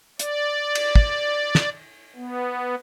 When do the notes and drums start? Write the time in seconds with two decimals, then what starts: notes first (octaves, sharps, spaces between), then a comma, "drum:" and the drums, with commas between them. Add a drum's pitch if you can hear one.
0.19 D5, drum: hi-hat
0.75 drum: cymbal
0.95 drum: kick
1.55 drum: snare
2.15 B3